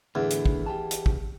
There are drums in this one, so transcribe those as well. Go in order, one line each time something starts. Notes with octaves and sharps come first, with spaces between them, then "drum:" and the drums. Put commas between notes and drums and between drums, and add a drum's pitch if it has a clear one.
E2 A2 D3 B3
drum: hi-hat
drum: kick
G4 G5 A5
drum: hi-hat
drum: kick